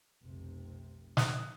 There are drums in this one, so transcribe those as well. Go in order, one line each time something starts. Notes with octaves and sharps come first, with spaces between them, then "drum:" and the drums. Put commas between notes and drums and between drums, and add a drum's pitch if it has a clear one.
F1 B1 C3
D#6 F#6, drum: snare